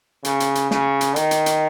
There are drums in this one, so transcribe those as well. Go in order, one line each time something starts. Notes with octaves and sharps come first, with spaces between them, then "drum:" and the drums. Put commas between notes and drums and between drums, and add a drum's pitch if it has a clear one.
C#3, drum: hi-hat
drum: hi-hat
drum: hi-hat
C#3, drum: snare
drum: hi-hat
D#3, drum: hi-hat
drum: hi-hat
drum: hi-hat